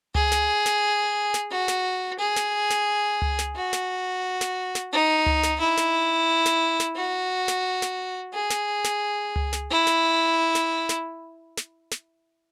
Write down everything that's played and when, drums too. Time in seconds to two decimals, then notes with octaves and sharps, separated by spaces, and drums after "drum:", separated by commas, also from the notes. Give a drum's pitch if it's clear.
0.15 G#4, drum: tom C#2
0.32 drum: snare
0.66 drum: snare
1.34 drum: snare
1.51 F#4
1.68 drum: snare
2.19 G#4
2.36 drum: snare
2.71 drum: snare
3.22 drum: tom C#2
3.39 drum: snare
3.56 F#4
3.73 drum: snare
4.41 drum: snare
4.75 drum: snare
4.93 D#4
5.26 drum: tom C#2
5.43 drum: snare
5.60 E4
5.78 drum: snare
6.46 drum: snare
6.80 drum: snare
6.96 F#4
7.48 drum: snare
7.82 drum: snare
8.34 G#4
8.50 drum: snare
8.85 drum: snare
9.36 drum: tom C#2
9.53 drum: snare
9.70 E4
9.87 drum: snare
10.55 drum: snare
10.89 drum: snare
11.57 drum: snare
11.92 drum: snare